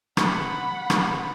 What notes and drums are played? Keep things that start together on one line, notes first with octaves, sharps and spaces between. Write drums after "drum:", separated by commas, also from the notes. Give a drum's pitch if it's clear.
F#5 B5, drum: rim click
drum: rim click